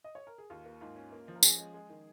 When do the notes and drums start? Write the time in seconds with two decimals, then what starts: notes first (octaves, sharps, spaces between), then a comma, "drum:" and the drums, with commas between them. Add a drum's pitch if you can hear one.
0.04 D#5
0.15 C#5
0.27 A#4
0.38 G#4
0.50 D#2 F4
0.65 A#3
0.81 G#2 F4
0.96 C#4
1.12 A#3
1.28 F3
1.36 A#4
1.43 C#4 G#4, drum: tambourine
1.59 G#3
1.74 G#3
1.89 D#3